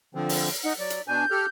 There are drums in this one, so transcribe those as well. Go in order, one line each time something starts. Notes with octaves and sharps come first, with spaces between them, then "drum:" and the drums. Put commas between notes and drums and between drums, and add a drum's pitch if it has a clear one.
D3 F3 C4
drum: open hi-hat
D#4 F#5
F#3 D5
drum: hi-hat
B2 D4 G#5 G6
G4 A4 F6